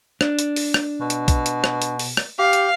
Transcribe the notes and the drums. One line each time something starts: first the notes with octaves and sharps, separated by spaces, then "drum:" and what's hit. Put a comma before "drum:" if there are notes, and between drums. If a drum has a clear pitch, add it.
D4, drum: rim click
drum: hi-hat
drum: open hi-hat
drum: rim click
B2
drum: hi-hat
drum: kick A#1, hi-hat
drum: hi-hat
drum: rim click
drum: hi-hat
drum: open hi-hat
drum: rim click
G4 F5
drum: hi-hat